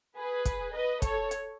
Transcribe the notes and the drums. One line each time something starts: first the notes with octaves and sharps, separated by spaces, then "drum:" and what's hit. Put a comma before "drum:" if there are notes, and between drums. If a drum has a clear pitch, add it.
G#4 B4
drum: kick, hi-hat
B4 D#5
A4 C#5, drum: kick, hi-hat
drum: hi-hat